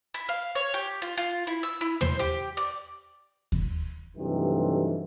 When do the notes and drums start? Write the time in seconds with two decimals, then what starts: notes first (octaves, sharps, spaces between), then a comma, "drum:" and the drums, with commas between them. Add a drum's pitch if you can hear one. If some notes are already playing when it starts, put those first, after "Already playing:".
0.14 E4
0.29 F5
0.55 C#5
0.74 G4
1.02 F4
1.18 F4
1.47 E4
1.63 E6
1.81 E4
2.01 C5, drum: tom
2.19 G4
2.57 D5
3.52 drum: kick D#2
4.17 G2 C3 D#3 E3 F#3 A3